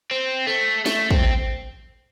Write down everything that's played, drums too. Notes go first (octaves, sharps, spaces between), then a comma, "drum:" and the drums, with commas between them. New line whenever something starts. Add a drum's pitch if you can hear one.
C4
A3
A3, drum: snare
C4, drum: kick